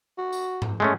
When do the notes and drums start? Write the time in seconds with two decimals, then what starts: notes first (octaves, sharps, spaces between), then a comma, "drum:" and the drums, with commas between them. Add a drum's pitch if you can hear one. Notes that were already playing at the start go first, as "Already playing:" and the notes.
0.18 F#4
0.33 drum: tambourine
0.62 drum: tom G#2
0.80 G#3 A3 C#4